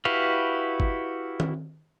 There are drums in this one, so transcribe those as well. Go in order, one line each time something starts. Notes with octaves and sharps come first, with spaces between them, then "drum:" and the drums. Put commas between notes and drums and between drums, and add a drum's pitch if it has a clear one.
E4 F#4 G4 B4 F5
drum: kick
drum: tom